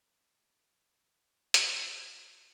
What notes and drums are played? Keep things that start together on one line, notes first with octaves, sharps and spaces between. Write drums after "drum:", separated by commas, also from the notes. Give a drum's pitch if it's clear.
C4 F4 F#4 A#4, drum: hi-hat